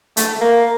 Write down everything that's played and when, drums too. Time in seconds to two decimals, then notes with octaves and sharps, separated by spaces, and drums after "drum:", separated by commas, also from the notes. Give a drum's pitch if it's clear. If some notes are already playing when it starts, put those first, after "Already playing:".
0.17 A3, drum: hi-hat
0.41 A#3